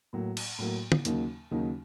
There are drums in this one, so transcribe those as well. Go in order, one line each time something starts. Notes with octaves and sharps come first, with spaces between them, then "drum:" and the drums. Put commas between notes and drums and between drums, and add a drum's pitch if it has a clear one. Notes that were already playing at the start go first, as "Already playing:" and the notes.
A2 F#3 A#3
drum: cymbal
A2 F#3 A#3
drum: tom
D#2 C#3 F#3 A#3 D#4, drum: hi-hat
D#2 C#3 F#3 A#3 D#4